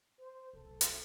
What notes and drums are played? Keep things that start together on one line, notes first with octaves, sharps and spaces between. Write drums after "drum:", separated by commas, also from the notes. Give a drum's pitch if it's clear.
C5
D1 B1 A4
drum: hi-hat